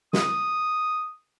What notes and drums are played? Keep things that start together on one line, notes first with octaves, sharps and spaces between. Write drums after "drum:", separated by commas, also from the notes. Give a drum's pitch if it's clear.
D#6, drum: snare